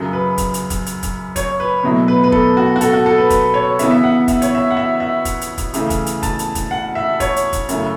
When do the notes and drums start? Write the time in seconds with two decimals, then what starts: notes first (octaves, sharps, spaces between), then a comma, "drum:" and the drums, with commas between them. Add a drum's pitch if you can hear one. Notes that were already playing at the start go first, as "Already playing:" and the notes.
Already playing: F#2 C#3 F#3
0.13 B4
0.38 drum: kick, hi-hat
0.54 drum: hi-hat
0.70 drum: kick, hi-hat
0.86 drum: hi-hat
1.03 drum: kick, hi-hat
1.36 C#5, drum: kick, hi-hat
1.60 B4
1.83 B2 F#3 A3 E4
2.08 B4
2.24 B4
2.32 A4, drum: kick
2.57 F#4
2.76 F#4
2.81 A4, drum: hi-hat
2.93 F#4
3.06 A4
3.18 B4
3.30 B4, drum: kick, hi-hat
3.54 C#5
3.79 C#3 E3 B3 E4 E5, drum: hi-hat
3.91 E5
4.04 F#5
4.28 E5, drum: kick, hi-hat
4.42 C#5, drum: hi-hat
4.55 E5
4.71 F#5
4.77 E5
5.00 E5
5.25 drum: kick, hi-hat
5.41 drum: hi-hat
5.58 drum: kick, hi-hat
5.74 C#3 E3 A3, drum: hi-hat
5.90 drum: kick, hi-hat
6.06 drum: hi-hat
6.23 A5, drum: kick, hi-hat
6.39 drum: hi-hat
6.55 drum: kick, hi-hat
6.71 F#5
6.95 E5
7.20 C#5, drum: kick, hi-hat
7.36 drum: hi-hat
7.53 drum: kick, hi-hat
7.69 F#2 C#3 A3 E4, drum: hi-hat